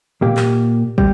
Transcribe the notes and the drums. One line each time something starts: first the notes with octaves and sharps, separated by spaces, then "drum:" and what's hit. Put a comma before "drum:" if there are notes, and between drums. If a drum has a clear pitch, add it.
A#2 A#3 G4
drum: clap
G3, drum: kick